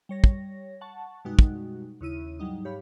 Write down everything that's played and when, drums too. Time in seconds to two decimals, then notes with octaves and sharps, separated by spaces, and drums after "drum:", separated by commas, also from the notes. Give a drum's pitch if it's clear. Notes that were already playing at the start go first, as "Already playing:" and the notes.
0.09 G3 C#5 A#6
0.24 drum: kick
0.81 F#5 A5 C#6
1.25 F#2 B2 G3 G#3 D#4 F#4
1.39 drum: kick
2.01 D#2 C#3 E4 D#7
2.39 G#2 F#3 G3 D#4
2.65 G#2 G4 C#5 F5 B5